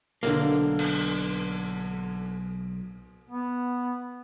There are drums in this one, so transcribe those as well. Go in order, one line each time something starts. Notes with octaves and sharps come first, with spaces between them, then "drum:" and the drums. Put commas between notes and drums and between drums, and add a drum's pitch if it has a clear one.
B1 E2 D3 A#3 F6, drum: hi-hat
drum: cymbal
B3